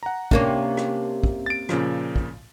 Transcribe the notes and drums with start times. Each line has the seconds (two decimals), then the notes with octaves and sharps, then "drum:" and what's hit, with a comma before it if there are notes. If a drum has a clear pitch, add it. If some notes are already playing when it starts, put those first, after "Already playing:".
0.03 F#5 A#5
0.31 C3 A#3 C#4 D4, drum: kick
0.77 drum: rim click
1.23 drum: kick
1.46 A6 D7
1.69 A#2 C#3 F3, drum: rim click
2.16 drum: kick